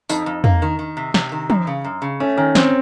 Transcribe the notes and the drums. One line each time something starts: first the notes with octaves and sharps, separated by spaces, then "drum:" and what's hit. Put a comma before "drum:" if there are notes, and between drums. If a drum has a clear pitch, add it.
F2 D#4, drum: tambourine
F2
A#3, drum: tom
D#3
D#3
C3
C3, drum: snare
D#3
F#2, drum: tom
C#3
F#2
C#3
A3 C#4
D#3 C#4
C4 C#4, drum: snare